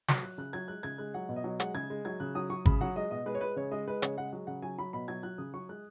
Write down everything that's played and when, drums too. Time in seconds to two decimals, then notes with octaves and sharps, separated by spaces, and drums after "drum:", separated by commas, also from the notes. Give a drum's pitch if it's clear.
0.08 F#3, drum: snare
0.23 F#3 F#6
0.38 C#3 F#6
0.53 F#3 G#6
0.68 G#3 F#6
0.83 C#3 G#6
0.98 G#3 F#6
1.14 F#3 F#5
1.29 B2
1.36 D#5
1.44 F#3
1.60 G#3 F#5, drum: hi-hat
1.74 C#3 G#6
1.90 G#3
2.05 F#3 G#6
2.20 C#3 F#6
2.35 F#3 D#6
2.50 F#3 C#6
2.66 C#3 B5, drum: kick
2.81 F#3 F#5
2.96 G#3 D#5
3.11 B2 D#5
3.26 G#3 B4
3.35 C#5
3.41 G#3 B4
3.56 C#3 C#5
3.71 G#3 D#5
3.88 G#3 B4
4.02 C#3 C#5, drum: hi-hat
4.17 G#3 F#5
4.33 F#3
4.47 C#3 F#5
4.62 F#3 G#5
4.79 F#3 B5
4.93 B2 B5
5.08 F#3 G#6
5.23 F#3 F#6
5.38 C#3 D#6
5.54 F#3 C#6
5.69 G#3 F#6